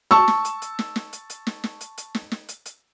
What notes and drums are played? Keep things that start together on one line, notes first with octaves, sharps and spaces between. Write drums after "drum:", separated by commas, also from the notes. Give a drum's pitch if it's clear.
A5 C#6 E6, drum: snare
drum: snare
drum: hi-hat
drum: hi-hat
drum: snare
drum: snare
drum: hi-hat
drum: hi-hat
drum: snare
drum: snare
drum: hi-hat
drum: hi-hat
drum: snare
drum: snare
drum: hi-hat
drum: hi-hat